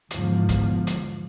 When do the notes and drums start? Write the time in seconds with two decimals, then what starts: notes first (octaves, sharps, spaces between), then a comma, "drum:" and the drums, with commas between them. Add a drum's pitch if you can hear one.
0.11 E2 G#2 D3 F3, drum: hi-hat
0.49 drum: kick, hi-hat
0.87 drum: hi-hat